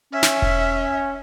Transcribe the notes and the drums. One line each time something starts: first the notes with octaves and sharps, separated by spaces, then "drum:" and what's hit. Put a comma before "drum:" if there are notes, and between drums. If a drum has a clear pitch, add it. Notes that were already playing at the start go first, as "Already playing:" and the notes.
C#4 E5
drum: snare
drum: kick E1